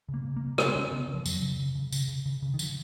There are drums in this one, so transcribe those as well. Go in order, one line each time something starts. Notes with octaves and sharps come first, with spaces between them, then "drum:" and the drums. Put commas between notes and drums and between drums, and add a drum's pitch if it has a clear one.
C#3
A#3
C#3
A#3
C#3
C#3 B3, drum: rim click
C#3 C#4
C#3 B3
C#3
F3
F2 F#3, drum: tambourine
C#3
C#3
C#3
C#3, drum: tambourine
C#3
C#3
C#3
D#3
F3, drum: tambourine